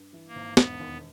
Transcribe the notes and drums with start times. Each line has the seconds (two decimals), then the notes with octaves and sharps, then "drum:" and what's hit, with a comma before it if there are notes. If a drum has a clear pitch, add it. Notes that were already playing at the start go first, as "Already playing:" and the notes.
Already playing: G2
0.13 E3
0.28 A#3
0.35 G#1
0.57 E1 B3, drum: snare
0.80 D#2